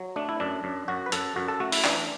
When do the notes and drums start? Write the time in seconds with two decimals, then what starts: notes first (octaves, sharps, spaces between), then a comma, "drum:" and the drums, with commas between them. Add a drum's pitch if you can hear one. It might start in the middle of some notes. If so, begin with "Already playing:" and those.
Already playing: F#3
0.16 A3 D4
0.29 E4
0.40 F#2 D4
0.64 F#2
0.88 F#2 F#4
1.06 B4
1.12 F#2 A4, drum: hi-hat
1.36 F#2 F#4
1.48 A4
1.60 A3 F#4
1.72 E4, drum: open hi-hat
1.84 E3 D4, drum: clap